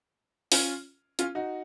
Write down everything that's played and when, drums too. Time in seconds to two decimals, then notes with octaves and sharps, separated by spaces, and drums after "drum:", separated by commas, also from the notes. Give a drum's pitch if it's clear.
0.52 C#4 F4, drum: open hi-hat
1.19 C#4 F4, drum: hi-hat
1.35 D#4 F#4